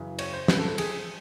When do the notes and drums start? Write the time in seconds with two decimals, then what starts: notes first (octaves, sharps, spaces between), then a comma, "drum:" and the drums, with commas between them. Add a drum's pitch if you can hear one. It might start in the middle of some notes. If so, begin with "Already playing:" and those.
Already playing: F#2 C#3 E3
0.19 C#5, drum: cymbal
0.33 C5
0.48 B4, drum: snare
0.58 A4
0.68 A4
0.78 G#4, drum: cymbal